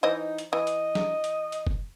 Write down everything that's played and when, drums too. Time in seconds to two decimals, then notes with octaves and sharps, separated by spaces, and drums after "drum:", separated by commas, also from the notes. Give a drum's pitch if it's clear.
0.03 E3 D#4 C5 D#5
0.38 drum: hi-hat
0.53 E3 D#5
0.67 drum: hi-hat
0.95 drum: snare
1.24 drum: hi-hat
1.52 drum: hi-hat
1.67 drum: kick F1